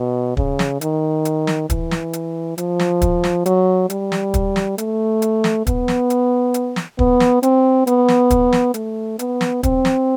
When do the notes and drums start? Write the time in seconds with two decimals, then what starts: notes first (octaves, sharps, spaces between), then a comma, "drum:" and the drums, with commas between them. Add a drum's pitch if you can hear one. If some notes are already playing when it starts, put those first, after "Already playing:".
Already playing: B2
0.37 C#3, drum: kick
0.59 drum: snare
0.81 D#3, drum: hi-hat
1.25 drum: hi-hat
1.47 drum: snare
1.70 E3, drum: kick, hi-hat
1.91 drum: snare
2.13 drum: hi-hat
2.58 F3, drum: hi-hat
2.79 drum: snare
3.02 drum: kick, hi-hat
3.24 drum: snare
3.46 F#3, drum: hi-hat
3.90 G3, drum: hi-hat
4.12 drum: snare
4.34 drum: kick, hi-hat
4.56 drum: snare
4.78 A3, drum: hi-hat
5.22 drum: hi-hat
5.44 drum: snare
5.67 B3, drum: kick, hi-hat
5.88 drum: snare
6.10 drum: hi-hat
6.54 drum: hi-hat
6.76 drum: snare
6.99 B3, drum: kick
7.20 drum: snare
7.43 C4, drum: hi-hat
7.87 B3, drum: hi-hat
8.08 drum: snare
8.30 drum: kick, hi-hat
8.53 drum: snare
8.74 A3, drum: hi-hat
9.19 B3, drum: hi-hat
9.41 drum: snare
9.63 C4, drum: kick, hi-hat
9.85 drum: snare